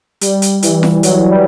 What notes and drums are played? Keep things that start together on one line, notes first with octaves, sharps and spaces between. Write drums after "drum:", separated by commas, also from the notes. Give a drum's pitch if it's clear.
G3, drum: hi-hat
drum: hi-hat
E3, drum: hi-hat
drum: snare F4
F#3, drum: hi-hat
G3